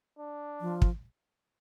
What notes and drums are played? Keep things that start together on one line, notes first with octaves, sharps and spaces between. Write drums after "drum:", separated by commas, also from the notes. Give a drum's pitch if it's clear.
D4
F3
drum: kick